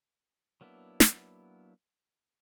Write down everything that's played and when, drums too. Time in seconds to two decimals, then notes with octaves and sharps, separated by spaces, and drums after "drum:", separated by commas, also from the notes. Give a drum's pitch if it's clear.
0.61 F#3 A#3 B3 D4 E4
1.00 drum: snare